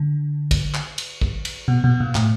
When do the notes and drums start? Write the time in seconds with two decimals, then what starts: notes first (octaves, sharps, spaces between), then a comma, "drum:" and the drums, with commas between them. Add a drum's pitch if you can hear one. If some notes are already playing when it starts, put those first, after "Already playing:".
Already playing: D3
0.51 drum: kick, cymbal
0.74 drum: clap
0.98 drum: cymbal
1.21 drum: kick
1.45 drum: cymbal
1.68 B2
1.84 B2
2.00 A#2
2.15 A2, drum: clap